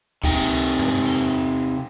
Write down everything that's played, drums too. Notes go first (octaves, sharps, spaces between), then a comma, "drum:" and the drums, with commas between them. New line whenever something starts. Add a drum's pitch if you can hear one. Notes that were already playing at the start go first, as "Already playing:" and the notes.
C3 D#4 G5, drum: kick C#2
drum: tom F2
drum: cymbal